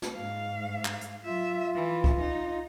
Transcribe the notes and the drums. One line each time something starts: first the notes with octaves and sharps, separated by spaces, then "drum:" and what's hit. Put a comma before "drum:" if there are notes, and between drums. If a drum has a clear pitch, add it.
drum: snare
G#2 F5
drum: clap
drum: hi-hat
F#3 F4 E5
E3
drum: kick C2
D#4